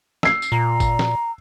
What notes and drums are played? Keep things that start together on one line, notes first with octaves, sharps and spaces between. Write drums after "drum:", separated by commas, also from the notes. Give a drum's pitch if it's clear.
E6 C7, drum: snare
drum: tambourine
A#2 A#5
drum: kick G1, tambourine
drum: snare